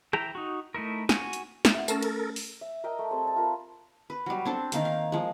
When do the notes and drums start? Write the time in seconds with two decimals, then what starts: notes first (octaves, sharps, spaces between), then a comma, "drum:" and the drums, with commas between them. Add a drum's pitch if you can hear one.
0.13 E3 E5 G5 A#5, drum: rim click
0.35 D#4 F#4
0.75 A3 D#4 E4 A#4
1.09 F#4 G#5, drum: snare
1.33 drum: hi-hat
1.65 drum: snare
1.74 E5 F#5
1.88 A3 C#4 A4 A#4, drum: tambourine
2.03 drum: cymbal
2.36 drum: open hi-hat
2.61 E5
2.84 A#4 D#5 E5 G5
2.99 A3
3.11 G3 C4 G#4 A4
3.25 D5 A5
3.36 F4 A#4 B5
4.10 B4
4.26 F#3 G3
4.45 C4 D4 A4
4.72 D#3 A#3 F5, drum: hi-hat
4.85 F5
5.12 F3 G#3